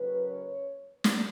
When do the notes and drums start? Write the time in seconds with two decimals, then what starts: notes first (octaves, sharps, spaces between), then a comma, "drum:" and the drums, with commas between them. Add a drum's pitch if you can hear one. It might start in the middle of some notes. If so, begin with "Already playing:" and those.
Already playing: F#1 F#2 F#3 C#4 B4
0.30 C#5
1.04 drum: snare